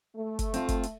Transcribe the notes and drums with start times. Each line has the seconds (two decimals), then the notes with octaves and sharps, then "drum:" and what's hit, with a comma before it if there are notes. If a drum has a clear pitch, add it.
0.16 A3
0.39 drum: kick, hi-hat
0.54 C4 F4, drum: hi-hat
0.69 drum: kick, hi-hat
0.83 drum: hi-hat